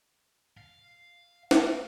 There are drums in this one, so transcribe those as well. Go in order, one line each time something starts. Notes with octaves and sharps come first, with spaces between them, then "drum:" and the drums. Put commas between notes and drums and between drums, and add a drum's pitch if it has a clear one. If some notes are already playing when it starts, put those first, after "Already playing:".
F5
drum: snare